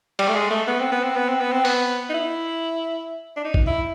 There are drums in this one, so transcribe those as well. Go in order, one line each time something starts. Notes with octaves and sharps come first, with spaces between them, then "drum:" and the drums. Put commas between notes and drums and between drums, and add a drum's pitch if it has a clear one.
G3, drum: cymbal
A3
G#3
A3
B3
C4
B3
C4
B3
C4
B3
C4
B3, drum: open hi-hat
D#4
E4
D4
D#4
drum: kick A#1
E4